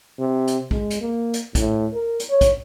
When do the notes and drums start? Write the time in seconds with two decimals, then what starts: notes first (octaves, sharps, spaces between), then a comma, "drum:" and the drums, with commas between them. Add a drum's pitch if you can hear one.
0.19 C3
0.47 drum: hi-hat
0.71 G#3, drum: kick
0.90 drum: hi-hat
1.00 A#3
1.33 drum: hi-hat
1.55 A2, drum: kick, hi-hat
1.93 A#4
2.20 drum: hi-hat
2.30 C#5
2.41 drum: kick, hi-hat